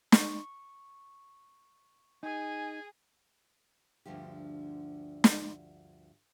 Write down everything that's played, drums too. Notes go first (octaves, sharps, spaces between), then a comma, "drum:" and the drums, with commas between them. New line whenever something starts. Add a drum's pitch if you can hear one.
C#6, drum: snare
D#4 G#4 G#5
D2 G2 D3 F3 G4
drum: snare